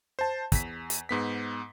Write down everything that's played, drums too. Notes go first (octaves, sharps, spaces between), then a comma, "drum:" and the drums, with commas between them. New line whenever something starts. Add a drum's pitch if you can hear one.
C5 A5
E2 B6, drum: kick, hi-hat
drum: hi-hat
G#2 B3 B6